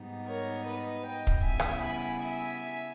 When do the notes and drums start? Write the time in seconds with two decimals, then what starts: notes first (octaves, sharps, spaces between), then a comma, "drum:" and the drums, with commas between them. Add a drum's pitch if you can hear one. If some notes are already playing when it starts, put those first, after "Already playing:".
Already playing: G#2 G3 B3 D#4
0.26 A#4 C#5
0.65 B4 D#5
1.05 D#5 G5
1.27 drum: kick
1.44 C#3 G3 B3 E4 E5 G#5
1.59 drum: rim click
1.83 G#5 B5
2.23 E5 G#5